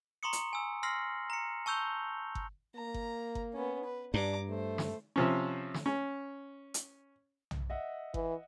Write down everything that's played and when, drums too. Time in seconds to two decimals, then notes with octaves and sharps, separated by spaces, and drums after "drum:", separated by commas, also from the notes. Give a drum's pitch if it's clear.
0.23 A#5 C6 C#6 D#6 C#7
0.33 drum: hi-hat
0.53 G#5 E6
0.83 C6 E6 F6 A#6 C7 F#7
1.30 A#5 C#7
1.66 A5 C#6 E6 G6 F7 G7
2.35 drum: kick G1
2.76 A#3 A#5
2.94 drum: kick G1
3.35 drum: kick G1
3.53 B3 C#4
3.84 B4
4.14 G2 D4 A#5 D6
4.49 A3 C5
4.78 drum: snare
5.16 C3 F3 C#4
5.74 drum: snare
5.86 C#4
6.74 drum: hi-hat
7.51 drum: tom B1
7.70 D#5 E5 F#5
8.14 E3, drum: kick G1